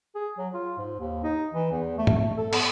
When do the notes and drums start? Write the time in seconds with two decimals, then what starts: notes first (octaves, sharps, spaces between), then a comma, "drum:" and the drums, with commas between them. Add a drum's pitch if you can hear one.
0.15 G#4
0.38 F#3
0.54 F4
0.78 G#2
0.99 D#2
1.24 D#4
1.54 E3
1.72 E2
1.98 A3
2.07 drum: tom G#2
2.18 A3
2.37 A4
2.53 B3, drum: cymbal